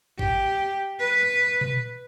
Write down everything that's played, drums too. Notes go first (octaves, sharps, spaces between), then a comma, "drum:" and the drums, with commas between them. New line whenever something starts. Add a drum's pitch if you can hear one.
G4, drum: kick
B4
drum: tom A#2